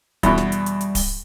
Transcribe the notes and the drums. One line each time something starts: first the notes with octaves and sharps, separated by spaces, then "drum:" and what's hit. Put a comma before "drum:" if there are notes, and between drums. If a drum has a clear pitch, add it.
E2 B2 G3, drum: kick D1, hi-hat
drum: snare
drum: hi-hat
drum: hi-hat
drum: hi-hat
drum: kick D1, open hi-hat